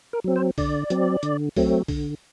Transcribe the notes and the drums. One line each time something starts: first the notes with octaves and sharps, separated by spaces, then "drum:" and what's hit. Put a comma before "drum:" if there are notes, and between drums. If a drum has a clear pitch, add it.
A#4
F#3 C4
C5
D3 D5, drum: kick B1, open hi-hat
F#3 C4, drum: hi-hat
D3, drum: hi-hat
F#3 A3 C4, drum: kick B1, open hi-hat
D3, drum: kick B1, open hi-hat